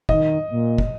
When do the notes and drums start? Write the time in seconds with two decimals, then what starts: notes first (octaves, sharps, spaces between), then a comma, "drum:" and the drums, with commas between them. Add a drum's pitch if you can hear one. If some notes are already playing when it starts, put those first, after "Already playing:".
0.09 D#3 D#5, drum: kick
0.51 A#2
0.78 drum: kick